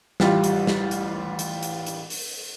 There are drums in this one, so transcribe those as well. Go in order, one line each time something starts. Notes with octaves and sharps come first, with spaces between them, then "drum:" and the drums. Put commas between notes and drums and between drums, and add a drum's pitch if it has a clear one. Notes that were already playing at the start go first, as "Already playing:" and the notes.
A1 G3 F4, drum: snare
drum: hi-hat
drum: snare
drum: hi-hat
drum: hi-hat
drum: hi-hat
drum: hi-hat
drum: open hi-hat